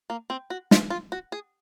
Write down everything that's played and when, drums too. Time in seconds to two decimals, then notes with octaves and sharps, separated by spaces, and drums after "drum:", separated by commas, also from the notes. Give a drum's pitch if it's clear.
0.10 A#3
0.30 C4
0.50 F#4
0.71 F4, drum: snare
0.90 F4
1.12 F#4
1.32 G#4